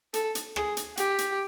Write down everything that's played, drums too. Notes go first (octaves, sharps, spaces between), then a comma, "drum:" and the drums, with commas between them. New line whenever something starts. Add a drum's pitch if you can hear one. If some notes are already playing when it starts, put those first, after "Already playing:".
A4, drum: hi-hat
drum: hi-hat
G#4, drum: rim click
drum: hi-hat
G4, drum: hi-hat
drum: hi-hat